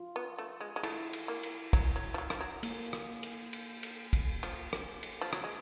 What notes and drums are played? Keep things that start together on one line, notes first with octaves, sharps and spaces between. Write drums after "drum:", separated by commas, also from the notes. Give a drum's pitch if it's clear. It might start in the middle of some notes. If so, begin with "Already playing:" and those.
Already playing: F4
B3
A3
G#3
G#3
A3 E4, drum: cymbal
drum: cymbal
A#3
drum: cymbal
F#3, drum: kick, cymbal
F#3
F3
F#3
F3, drum: rim click
F#3
A#3, drum: cymbal
drum: rim click
drum: cymbal
drum: cymbal
drum: cymbal
drum: kick, cymbal
F3, drum: cymbal
drum: rim click
drum: cymbal
F3
F#3, drum: rim click
G#3